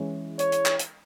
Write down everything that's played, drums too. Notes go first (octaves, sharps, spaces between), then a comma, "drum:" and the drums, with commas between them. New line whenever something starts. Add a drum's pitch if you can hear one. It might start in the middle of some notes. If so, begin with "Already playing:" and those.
Already playing: E3 G#3 C#4
C#5, drum: hi-hat
drum: hi-hat
drum: clap
drum: hi-hat